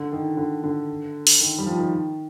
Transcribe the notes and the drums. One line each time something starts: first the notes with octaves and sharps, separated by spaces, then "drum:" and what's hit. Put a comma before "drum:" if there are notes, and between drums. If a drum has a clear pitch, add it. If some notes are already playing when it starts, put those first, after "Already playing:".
Already playing: D3
D#3
D3
D3
drum: open hi-hat
D#3
G3
F3
D#3